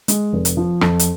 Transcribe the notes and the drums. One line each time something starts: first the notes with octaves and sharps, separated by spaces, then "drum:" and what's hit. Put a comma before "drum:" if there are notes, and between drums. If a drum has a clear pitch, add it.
G#3, drum: hi-hat
F1
drum: hi-hat
F3
F2, drum: rim click
drum: hi-hat